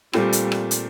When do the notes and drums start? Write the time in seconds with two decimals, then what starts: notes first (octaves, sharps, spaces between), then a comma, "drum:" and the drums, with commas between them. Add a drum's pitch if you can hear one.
0.13 A#2 G3 A3 C4 F4, drum: rim click
0.33 drum: hi-hat
0.52 drum: rim click
0.71 drum: hi-hat